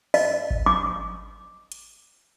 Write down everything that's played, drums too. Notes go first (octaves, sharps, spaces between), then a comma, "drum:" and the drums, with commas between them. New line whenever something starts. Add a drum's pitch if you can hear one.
D#5, drum: open hi-hat
drum: kick G#1
D6, drum: tom F3
drum: hi-hat